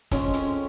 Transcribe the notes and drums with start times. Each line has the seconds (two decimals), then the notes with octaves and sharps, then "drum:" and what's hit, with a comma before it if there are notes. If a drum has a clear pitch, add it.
0.11 G#3 C4 C#4 F4 A4, drum: kick, hi-hat
0.34 drum: hi-hat